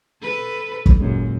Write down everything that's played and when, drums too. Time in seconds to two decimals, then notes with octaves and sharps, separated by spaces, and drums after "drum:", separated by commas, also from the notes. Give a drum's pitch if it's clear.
0.22 A4 B4
0.86 drum: kick
1.00 D#1 F#2 A#2 G#3